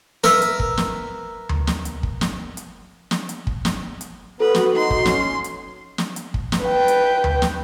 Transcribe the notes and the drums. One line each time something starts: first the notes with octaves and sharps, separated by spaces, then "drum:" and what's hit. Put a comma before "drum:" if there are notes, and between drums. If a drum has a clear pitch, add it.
A#4 B4 E5, drum: snare
drum: hi-hat
drum: kick
drum: snare
drum: tom D2
drum: snare
drum: hi-hat
drum: kick
drum: snare
drum: hi-hat
drum: snare
drum: hi-hat
drum: kick
drum: snare
drum: hi-hat
B3 F#4 A4 B4
drum: snare
D#4 C6
drum: kick
C#4, drum: snare
drum: hi-hat
drum: snare
drum: hi-hat
drum: kick
drum: snare
B4 G5
drum: hi-hat
drum: tom D2
drum: snare